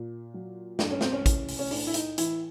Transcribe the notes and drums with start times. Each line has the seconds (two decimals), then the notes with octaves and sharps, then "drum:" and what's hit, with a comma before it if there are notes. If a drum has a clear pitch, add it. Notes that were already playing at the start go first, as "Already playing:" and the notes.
Already playing: A#2
0.34 F#3
0.79 G2 D4, drum: snare
0.91 C#4
1.01 C4, drum: snare
1.12 C#4
1.26 E3, drum: kick, hi-hat
1.48 drum: open hi-hat
1.59 C#4
1.71 A2 D4, drum: open hi-hat
1.87 E4
1.94 D#4, drum: hi-hat
2.18 E3 E4, drum: hi-hat